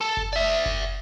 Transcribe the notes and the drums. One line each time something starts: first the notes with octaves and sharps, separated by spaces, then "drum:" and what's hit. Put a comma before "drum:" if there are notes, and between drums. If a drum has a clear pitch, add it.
A4
drum: kick F#1
D5 E5
drum: kick F#1